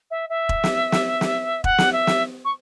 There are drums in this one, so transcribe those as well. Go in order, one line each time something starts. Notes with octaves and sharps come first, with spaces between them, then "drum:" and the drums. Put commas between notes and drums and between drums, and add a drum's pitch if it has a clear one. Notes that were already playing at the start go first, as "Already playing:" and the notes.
E5
E5
drum: kick E1
drum: snare
drum: snare
drum: snare
F#5, drum: kick E1
drum: snare
E5
drum: snare
C#6